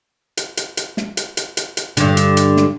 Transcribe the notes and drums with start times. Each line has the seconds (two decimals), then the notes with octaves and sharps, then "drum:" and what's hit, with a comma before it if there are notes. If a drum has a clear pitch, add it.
0.37 drum: hi-hat
0.57 drum: hi-hat
0.77 drum: hi-hat
0.97 drum: snare
1.17 drum: hi-hat
1.37 drum: hi-hat
1.57 drum: hi-hat
1.77 drum: hi-hat
1.97 G2 D3, drum: hi-hat
2.17 drum: hi-hat
2.37 drum: hi-hat
2.57 drum: snare